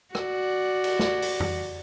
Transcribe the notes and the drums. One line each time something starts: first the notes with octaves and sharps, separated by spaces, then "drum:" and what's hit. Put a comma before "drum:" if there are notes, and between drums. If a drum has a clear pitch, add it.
F#4 D5, drum: rim click
drum: cymbal
drum: snare
drum: open hi-hat
drum: tom F2